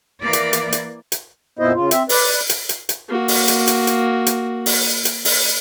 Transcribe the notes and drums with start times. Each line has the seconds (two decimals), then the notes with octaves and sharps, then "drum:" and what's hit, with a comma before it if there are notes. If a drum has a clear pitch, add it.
0.21 E3 A#3 D5
0.33 drum: hi-hat
0.53 drum: hi-hat
0.72 drum: hi-hat
1.12 drum: hi-hat
1.59 F2 A#2 B3 E4 C5 D#5
1.74 C#3 F4
1.91 C4 E5, drum: hi-hat
2.09 B4 D5, drum: open hi-hat
2.49 drum: hi-hat
2.69 drum: hi-hat
2.89 drum: hi-hat
3.08 A#3 F#4
3.28 drum: open hi-hat
3.48 drum: hi-hat
3.67 drum: hi-hat
3.87 drum: hi-hat
4.26 drum: hi-hat
4.66 drum: open hi-hat
5.05 drum: hi-hat
5.25 drum: open hi-hat